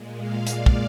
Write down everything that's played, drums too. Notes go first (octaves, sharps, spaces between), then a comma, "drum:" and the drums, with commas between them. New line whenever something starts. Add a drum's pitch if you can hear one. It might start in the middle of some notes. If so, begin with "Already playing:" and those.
Already playing: A#2 G#3
F5
D5, drum: hi-hat
drum: kick